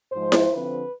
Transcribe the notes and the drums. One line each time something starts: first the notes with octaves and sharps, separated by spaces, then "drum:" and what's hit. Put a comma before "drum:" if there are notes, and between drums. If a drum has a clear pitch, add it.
G#2 F3 G#3 C5
drum: snare E4
D3 F3 C4 B4